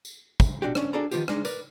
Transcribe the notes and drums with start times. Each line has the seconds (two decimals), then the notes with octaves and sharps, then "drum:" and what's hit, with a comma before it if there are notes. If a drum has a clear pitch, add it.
0.05 drum: tambourine
0.40 drum: kick, tambourine
0.62 B2 D4 F#4 G4
0.75 C#4 D4, drum: rim click
0.93 D4 F#4 G#4 A4 D5 A#5
1.11 D#3 F3 A3 B3 F4 G4, drum: tambourine
1.28 G#3 D4 D#4, drum: rim click
1.45 A#4 B4 D5, drum: tambourine